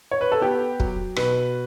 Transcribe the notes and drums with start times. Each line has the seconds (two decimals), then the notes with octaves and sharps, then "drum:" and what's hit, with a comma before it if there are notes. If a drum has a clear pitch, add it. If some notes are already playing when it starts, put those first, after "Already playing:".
0.11 C#5
0.21 B4
0.32 A4
0.41 B3 G4
0.80 F#3, drum: kick
1.16 B2 B4, drum: rim click